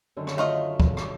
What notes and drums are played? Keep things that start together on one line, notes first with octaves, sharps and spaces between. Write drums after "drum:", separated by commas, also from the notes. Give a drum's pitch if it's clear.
F#2 D3 D#3
drum: rim click
A3 F4 D#5
drum: kick
E5 D6, drum: rim click